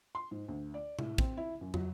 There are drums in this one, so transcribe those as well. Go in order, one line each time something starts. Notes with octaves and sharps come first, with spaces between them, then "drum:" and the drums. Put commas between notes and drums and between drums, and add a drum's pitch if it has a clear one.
C6
G#2
D2
D5
A2, drum: tom C3
C4, drum: kick
E4
F#2
F#3, drum: tom